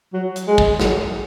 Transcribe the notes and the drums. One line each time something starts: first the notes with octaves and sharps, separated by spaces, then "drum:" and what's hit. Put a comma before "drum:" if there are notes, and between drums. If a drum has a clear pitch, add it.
F#3
drum: hi-hat
G#3
drum: kick
F#3, drum: snare